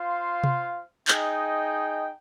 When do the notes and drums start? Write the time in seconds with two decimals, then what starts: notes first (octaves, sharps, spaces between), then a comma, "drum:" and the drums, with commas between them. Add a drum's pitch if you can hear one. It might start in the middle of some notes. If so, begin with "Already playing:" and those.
Already playing: F4 C5 F5
0.44 drum: tom C3
1.08 D#4 G#4 D#5 G5, drum: clap